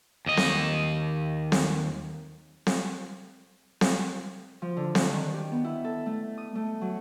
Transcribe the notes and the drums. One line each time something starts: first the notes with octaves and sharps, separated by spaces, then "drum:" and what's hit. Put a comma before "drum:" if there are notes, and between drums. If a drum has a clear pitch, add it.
D#2 D#5
drum: snare C4
drum: snare C4
drum: snare C4
drum: snare C4
F3
D3
F#6, drum: snare C4
D#3
G4
B3
E4
A4
A3
D#6
A3
F#3